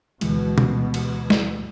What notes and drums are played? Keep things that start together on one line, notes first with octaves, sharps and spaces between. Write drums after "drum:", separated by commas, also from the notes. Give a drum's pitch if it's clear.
D2 B2 E3 G#3, drum: cymbal
drum: tom B2
drum: cymbal
drum: snare